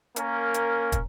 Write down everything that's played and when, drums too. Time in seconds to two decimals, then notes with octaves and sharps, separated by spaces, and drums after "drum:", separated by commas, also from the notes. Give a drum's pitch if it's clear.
0.16 A#3 C#4 A#4, drum: hi-hat
0.54 drum: hi-hat
0.92 drum: kick, hi-hat